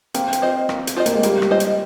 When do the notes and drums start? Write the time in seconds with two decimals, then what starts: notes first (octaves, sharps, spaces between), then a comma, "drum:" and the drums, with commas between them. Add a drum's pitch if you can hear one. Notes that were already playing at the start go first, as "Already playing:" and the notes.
0.14 A#3 C4, drum: hi-hat
0.33 drum: hi-hat
0.42 F4 C5 D#5
0.69 A#3, drum: rim click
0.87 drum: hi-hat
0.96 F4 C5 D#5
1.06 A#3, drum: hi-hat
1.15 G#3
1.23 G3 A#3, drum: hi-hat
1.42 drum: rim click
1.51 F4 C5 D#5
1.60 drum: hi-hat